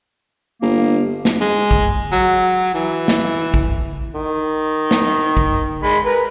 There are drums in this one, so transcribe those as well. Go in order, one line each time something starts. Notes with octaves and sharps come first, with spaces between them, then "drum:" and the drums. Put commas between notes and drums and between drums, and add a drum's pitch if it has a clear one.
G1 A#3
drum: snare
G#3
drum: kick A#1
F#3
E3
drum: snare
drum: kick A#1
D#3
drum: snare
drum: kick A#1
G#3 B5
A#4 B4